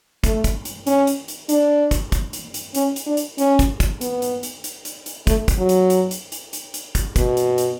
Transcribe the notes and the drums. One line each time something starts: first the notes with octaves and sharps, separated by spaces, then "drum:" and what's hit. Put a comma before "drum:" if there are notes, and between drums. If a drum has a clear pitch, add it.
A3, drum: kick, hi-hat
drum: kick, hi-hat
drum: hi-hat
C#4, drum: hi-hat
drum: hi-hat
drum: hi-hat
D4, drum: hi-hat
drum: kick, hi-hat
drum: kick, hi-hat
drum: hi-hat
drum: hi-hat
C#4, drum: hi-hat
drum: hi-hat
D4
drum: hi-hat
C#4, drum: hi-hat
drum: kick, hi-hat
drum: kick, hi-hat
B3, drum: hi-hat
drum: hi-hat
drum: hi-hat
drum: hi-hat
drum: hi-hat
drum: hi-hat
A3, drum: kick, hi-hat
drum: kick, hi-hat
F#3
drum: hi-hat
drum: hi-hat
drum: hi-hat
drum: hi-hat
drum: hi-hat
drum: hi-hat
drum: kick, hi-hat
B2, drum: kick, hi-hat
drum: hi-hat
drum: hi-hat